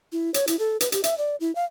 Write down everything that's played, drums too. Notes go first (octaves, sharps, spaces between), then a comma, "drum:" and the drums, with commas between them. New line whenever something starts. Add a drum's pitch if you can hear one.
E4
C#5, drum: hi-hat
E4, drum: hi-hat
A4
B4, drum: hi-hat
G4, drum: hi-hat
E5, drum: hi-hat
D5
E4
F5